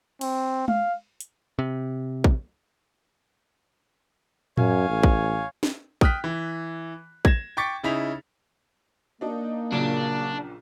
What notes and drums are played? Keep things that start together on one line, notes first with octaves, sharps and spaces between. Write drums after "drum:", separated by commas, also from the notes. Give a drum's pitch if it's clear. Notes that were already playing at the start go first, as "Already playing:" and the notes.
C4, drum: cymbal
F5, drum: tom G#3
drum: hi-hat
C3
drum: kick
F#2 C#5 F5 G#5, drum: tom A2
A1
drum: kick
drum: snare
G5 D#6 F6 F#6 B6, drum: kick
E3
G#6 A#6 E7, drum: kick
G5 C#6 D6 A6 B6 C#7
C#3 D#4 E4 G#4 B6 F7
A#3 D4 D#4
A#1 A#2 C#3 F#3 D4